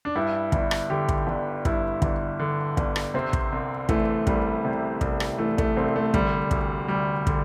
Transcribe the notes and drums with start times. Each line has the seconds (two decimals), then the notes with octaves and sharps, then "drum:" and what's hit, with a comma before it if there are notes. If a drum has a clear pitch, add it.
0.05 D4
0.16 G2 E4
0.52 G1 E4, drum: kick
0.71 drum: rim click
0.90 D3 G4
1.09 drum: kick
1.27 G1
1.65 G2 E4, drum: kick
2.02 G1, drum: kick
2.40 D3
2.77 G1, drum: kick
2.96 drum: rim click
3.14 C3 C4
3.33 drum: kick
3.52 C2
3.89 E3 A3, drum: kick
4.27 C2 G3, drum: kick
4.65 C3
5.01 C2, drum: kick
5.20 drum: rim click
5.39 E3 A3
5.58 A3, drum: kick
5.77 C2 C4
5.96 A3
6.14 D3 G3, drum: kick
6.51 D2, drum: kick
6.88 D2 G3
7.27 D3, drum: kick